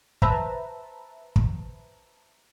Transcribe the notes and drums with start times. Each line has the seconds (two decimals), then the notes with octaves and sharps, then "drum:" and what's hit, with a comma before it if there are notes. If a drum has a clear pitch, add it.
0.22 B4 C5 E5 A5 A#5, drum: kick
1.36 drum: kick